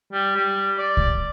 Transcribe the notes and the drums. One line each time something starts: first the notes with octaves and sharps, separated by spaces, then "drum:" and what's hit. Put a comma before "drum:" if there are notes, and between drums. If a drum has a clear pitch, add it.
G3
G3
D5
drum: kick C2